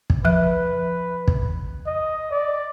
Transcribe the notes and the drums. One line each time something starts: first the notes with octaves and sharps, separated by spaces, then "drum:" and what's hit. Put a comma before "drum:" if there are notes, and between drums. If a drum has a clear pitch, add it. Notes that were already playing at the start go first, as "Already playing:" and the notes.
drum: kick
F3 B4 E5 F#6
drum: kick
D#5
D5